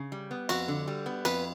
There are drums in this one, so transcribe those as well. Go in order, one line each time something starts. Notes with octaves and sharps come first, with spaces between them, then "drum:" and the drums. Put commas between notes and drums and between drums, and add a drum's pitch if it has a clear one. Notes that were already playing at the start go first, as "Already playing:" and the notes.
Already playing: C#3
G3
B3
F2 F#4, drum: cymbal
D3
G3
B3
F2 B4, drum: cymbal